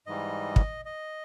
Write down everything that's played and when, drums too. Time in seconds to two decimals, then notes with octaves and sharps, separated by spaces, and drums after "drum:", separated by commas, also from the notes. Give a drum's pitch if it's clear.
0.07 G#2 E3 G3 D#5
0.56 drum: kick
0.85 D#5